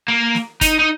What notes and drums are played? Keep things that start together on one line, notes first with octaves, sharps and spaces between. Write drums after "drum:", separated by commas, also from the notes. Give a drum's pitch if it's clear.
A#3
drum: snare
D#4, drum: kick G1, hi-hat
D#4